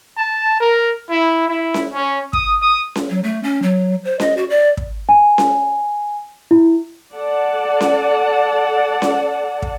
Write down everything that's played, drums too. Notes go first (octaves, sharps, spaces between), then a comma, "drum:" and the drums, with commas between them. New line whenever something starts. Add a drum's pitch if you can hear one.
A5
A#4
E4
E4
drum: snare C#4
C#4
D#6, drum: kick
D#6
drum: snare C#4
F#3
A3
C#4
F#3
C5
D#5, drum: snare C#4
F#4
D5
drum: kick
G#5
drum: snare C#4
E4
A4 D5 F#5 A5
drum: snare C#4
drum: snare C#4
drum: kick